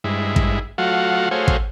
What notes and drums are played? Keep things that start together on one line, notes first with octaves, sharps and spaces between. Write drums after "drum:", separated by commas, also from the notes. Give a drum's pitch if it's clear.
G2 G#3 E4
drum: kick
F#3 A3 F4 F#4 F5 F#5
A3 F#4 G#4 C5 C#5 F5
drum: kick